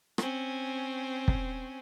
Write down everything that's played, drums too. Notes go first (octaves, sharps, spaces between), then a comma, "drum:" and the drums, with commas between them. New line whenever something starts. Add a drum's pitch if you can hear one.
C4 C#4, drum: rim click
drum: kick